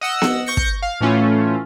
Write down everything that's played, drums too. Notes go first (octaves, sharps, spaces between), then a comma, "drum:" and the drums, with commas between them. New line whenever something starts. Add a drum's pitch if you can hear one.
D#5 F#5 E6
drum: snare B3
C#6 G6 A#6 C#7
drum: kick
F5
A2 E3 A3 C#4 F4